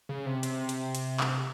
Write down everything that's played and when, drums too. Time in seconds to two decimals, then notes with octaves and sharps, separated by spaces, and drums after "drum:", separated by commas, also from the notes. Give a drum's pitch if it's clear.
0.09 C#3
0.26 C3
0.43 C3, drum: hi-hat
0.69 drum: hi-hat
0.95 drum: hi-hat
1.20 drum: clap